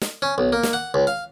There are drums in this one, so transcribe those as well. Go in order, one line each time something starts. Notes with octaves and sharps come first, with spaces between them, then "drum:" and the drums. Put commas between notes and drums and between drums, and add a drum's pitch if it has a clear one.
drum: snare
C#4
B1
A#3
drum: snare
F#5
C#2
F5